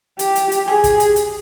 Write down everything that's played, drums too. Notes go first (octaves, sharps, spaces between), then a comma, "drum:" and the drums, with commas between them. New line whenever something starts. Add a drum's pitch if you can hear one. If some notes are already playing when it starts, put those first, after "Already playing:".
G4, drum: hi-hat
drum: hi-hat
drum: hi-hat
G#4, drum: rim click
drum: kick, hi-hat
drum: hi-hat
drum: hi-hat